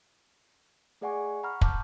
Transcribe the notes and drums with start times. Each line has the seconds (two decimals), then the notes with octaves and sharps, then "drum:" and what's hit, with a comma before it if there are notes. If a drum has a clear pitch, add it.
1.01 A3 G#4 D5 F#5 G#5 C#6
1.43 F#5 A#5 B5 C#6 F6
1.61 A5 D6 F6 G6, drum: kick